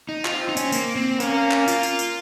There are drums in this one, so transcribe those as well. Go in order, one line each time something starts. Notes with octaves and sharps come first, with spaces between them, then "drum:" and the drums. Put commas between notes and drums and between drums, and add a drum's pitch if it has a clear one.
D#4
C4 F4, drum: clap
D#4
C#4, drum: tambourine
A#3, drum: tambourine
C4
A#3 C#4, drum: tambourine
drum: clap
F4, drum: tambourine
drum: tambourine
drum: tambourine